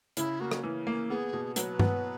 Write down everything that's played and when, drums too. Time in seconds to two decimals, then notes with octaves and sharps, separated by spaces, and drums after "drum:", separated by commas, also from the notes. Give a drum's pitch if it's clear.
0.17 C#3 E4, drum: hi-hat
0.40 A#3 F#4
0.51 drum: rim click
0.64 E3
0.87 A#3
1.10 B3 G#4
1.33 B2
1.56 F#3 B4, drum: hi-hat
1.79 B3, drum: tom G2